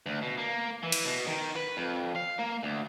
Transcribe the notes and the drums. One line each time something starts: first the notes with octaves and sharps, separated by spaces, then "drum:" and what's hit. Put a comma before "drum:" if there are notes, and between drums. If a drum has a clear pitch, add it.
D2
B2
A#3
E3
drum: cymbal
B2
D#3
B4
F2
F5
A#3
D2